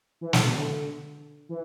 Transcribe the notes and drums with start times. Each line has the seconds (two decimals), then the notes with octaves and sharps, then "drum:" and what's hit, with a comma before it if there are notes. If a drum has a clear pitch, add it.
0.21 E3
0.33 D3, drum: snare
0.45 B2
0.57 D3
1.49 E3